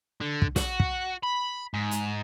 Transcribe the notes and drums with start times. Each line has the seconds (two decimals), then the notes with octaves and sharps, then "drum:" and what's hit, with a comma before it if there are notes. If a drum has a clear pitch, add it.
0.21 D3
0.42 drum: kick
0.56 F#4, drum: snare
0.80 drum: kick
1.23 B5
1.74 G#2
1.91 drum: hi-hat